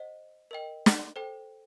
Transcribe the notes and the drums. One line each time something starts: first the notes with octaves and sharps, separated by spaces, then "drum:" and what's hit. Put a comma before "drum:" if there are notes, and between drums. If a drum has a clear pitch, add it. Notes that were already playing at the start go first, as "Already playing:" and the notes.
Already playing: C5 D#5 F#5
A#4 D#5 G5
drum: snare
A4 C5 G5